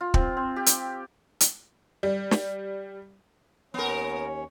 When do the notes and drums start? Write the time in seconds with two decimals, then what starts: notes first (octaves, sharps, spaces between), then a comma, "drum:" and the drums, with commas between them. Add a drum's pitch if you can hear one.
0.01 F4
0.14 C4, drum: kick
0.37 C4
0.56 G4
0.66 drum: hi-hat
1.40 drum: hi-hat
2.03 G3
2.31 drum: snare
3.74 D#2 B3 C#4 A#4 C#5